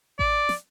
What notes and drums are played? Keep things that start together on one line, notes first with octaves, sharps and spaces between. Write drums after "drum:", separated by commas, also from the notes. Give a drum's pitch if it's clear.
D5, drum: kick A1
drum: snare